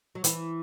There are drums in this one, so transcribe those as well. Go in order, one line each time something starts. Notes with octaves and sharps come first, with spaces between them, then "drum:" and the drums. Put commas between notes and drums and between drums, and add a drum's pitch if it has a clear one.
F#3
E3, drum: hi-hat